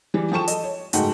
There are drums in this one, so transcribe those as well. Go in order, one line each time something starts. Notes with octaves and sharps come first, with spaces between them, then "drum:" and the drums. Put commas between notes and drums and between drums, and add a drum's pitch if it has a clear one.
E3 G3
F3 A4 G5 A5 C#6 E7
A4 D#5, drum: hi-hat
C#5
F#1 G#2 A3 F#4 F#5 G5, drum: hi-hat